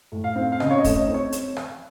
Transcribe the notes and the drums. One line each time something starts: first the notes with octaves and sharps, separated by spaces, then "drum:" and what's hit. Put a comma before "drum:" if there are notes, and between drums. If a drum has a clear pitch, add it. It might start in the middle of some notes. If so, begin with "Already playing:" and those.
A2
F5
C4
F5
C#3 D#5, drum: rim click
C#5
D#5
A3, drum: kick, open hi-hat
D#5
C4
C#5
drum: hi-hat
drum: rim click